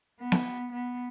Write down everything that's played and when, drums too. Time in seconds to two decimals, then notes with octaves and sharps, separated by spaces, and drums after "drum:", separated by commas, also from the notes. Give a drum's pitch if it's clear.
0.19 B3
0.32 drum: snare B3
0.71 B3